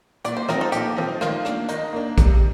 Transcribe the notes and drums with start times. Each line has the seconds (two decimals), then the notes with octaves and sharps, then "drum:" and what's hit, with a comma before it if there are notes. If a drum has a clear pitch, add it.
0.25 A#2 D5, drum: hi-hat
0.37 C5
0.49 F3 C4 D#4 A#4, drum: rim click
0.61 A4
0.72 A#2 G4, drum: hi-hat
0.97 F3 C4 D#4
1.21 D#3 F4, drum: rim click
1.45 A#3 D4, drum: rim click
1.69 D#3 D#4, drum: hi-hat
1.93 A#3 D4
2.18 C3, drum: kick A#1, hi-hat